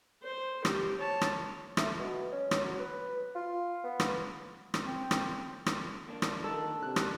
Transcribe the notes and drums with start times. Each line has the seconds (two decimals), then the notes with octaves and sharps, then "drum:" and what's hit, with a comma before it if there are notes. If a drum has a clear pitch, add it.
0.23 C5
0.65 G4, drum: rim click
0.99 C#5 A5
1.21 drum: rim click
1.77 A3, drum: rim click
2.00 B2
2.32 C#4
2.51 drum: rim click
2.64 F#3
2.79 B4
3.35 F4
3.84 B3
4.00 drum: rim click
4.74 drum: rim click
4.84 C4
5.11 drum: rim click
5.66 drum: rim click
6.08 A#3 D4
6.22 drum: rim click
6.44 D#3 D4 A4
6.82 C3 F#6
6.96 drum: rim click